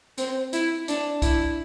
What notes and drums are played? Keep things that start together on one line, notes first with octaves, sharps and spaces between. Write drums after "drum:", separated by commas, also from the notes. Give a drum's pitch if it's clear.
C4, drum: hi-hat
E4, drum: hi-hat
D4, drum: hi-hat
E4, drum: kick B1, hi-hat